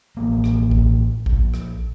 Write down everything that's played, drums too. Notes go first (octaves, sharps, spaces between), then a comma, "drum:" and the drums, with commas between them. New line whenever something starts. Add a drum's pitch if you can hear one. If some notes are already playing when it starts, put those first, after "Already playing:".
A1 A#3
drum: rim click
drum: kick A1
A#1, drum: kick A1
drum: rim click